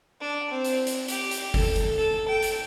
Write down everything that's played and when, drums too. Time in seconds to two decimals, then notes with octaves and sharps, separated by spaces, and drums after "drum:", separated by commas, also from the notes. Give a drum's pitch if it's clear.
0.21 D4
0.50 C4
0.64 drum: hi-hat
0.87 drum: hi-hat
1.08 G4, drum: hi-hat
1.31 drum: hi-hat
1.54 A4, drum: kick G1, open hi-hat
1.76 drum: hi-hat
1.97 A4
2.28 G5
2.43 drum: hi-hat